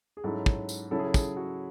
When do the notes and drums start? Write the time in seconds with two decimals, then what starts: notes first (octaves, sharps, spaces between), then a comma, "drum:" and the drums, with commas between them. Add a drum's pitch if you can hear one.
0.17 G#4
0.24 G#2 F#3 C#4 E4 A4
0.46 drum: kick
0.69 drum: tambourine
0.91 C#3 F#3 C#4 E4 A4
0.99 G#4
1.06 A4
1.14 G#4, drum: kick, tambourine
1.37 F#4